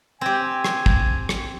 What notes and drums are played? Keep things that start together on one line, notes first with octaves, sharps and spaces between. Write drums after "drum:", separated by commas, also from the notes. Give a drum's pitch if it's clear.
C4 G4 G#5
drum: rim click
drum: kick
drum: rim click